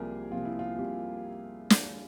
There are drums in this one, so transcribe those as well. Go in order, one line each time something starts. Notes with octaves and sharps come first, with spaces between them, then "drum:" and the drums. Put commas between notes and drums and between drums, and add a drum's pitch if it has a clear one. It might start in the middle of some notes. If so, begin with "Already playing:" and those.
Already playing: C2 C3 F3 A#3 G4 G#4 A#4
C3 F3 A#3 F4
E4
F4
C2 G4
drum: snare